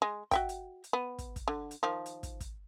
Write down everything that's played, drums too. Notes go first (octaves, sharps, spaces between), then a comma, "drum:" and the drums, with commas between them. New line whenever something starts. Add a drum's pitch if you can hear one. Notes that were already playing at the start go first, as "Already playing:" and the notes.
G#3
F#4 E5 G5, drum: kick, hi-hat
drum: hi-hat
drum: hi-hat
B3
drum: kick, hi-hat
drum: kick, hi-hat
D3
drum: hi-hat
D#3 F3
drum: hi-hat
drum: kick, hi-hat
drum: kick, hi-hat